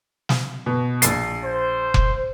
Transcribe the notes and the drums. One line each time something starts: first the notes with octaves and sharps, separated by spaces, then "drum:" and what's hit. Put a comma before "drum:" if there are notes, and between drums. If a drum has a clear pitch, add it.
drum: snare
B2
A#1 C7, drum: hi-hat
C5
drum: kick F1